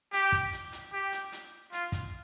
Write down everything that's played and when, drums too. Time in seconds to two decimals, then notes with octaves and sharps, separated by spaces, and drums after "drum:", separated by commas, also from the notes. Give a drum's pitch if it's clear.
0.12 G4, drum: hi-hat
0.32 drum: kick, hi-hat
0.52 drum: hi-hat
0.72 drum: hi-hat
0.92 G4
1.12 drum: hi-hat
1.32 drum: hi-hat
1.72 F4, drum: hi-hat
1.92 drum: kick, hi-hat